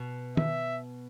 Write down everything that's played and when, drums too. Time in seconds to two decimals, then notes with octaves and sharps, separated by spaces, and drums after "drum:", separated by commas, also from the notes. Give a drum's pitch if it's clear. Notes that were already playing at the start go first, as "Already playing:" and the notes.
Already playing: B2
0.37 E5, drum: tom